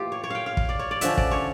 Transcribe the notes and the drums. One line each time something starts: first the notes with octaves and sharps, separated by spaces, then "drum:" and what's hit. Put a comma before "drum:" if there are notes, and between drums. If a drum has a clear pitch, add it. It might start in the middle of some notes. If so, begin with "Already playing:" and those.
Already playing: A2 E3 A#3 F4 G4
C#5
C#5
F5 G5
F5
drum: kick
D5
C#5
D5
D3 F3 C#4 E5, drum: hi-hat
D5, drum: kick
C#5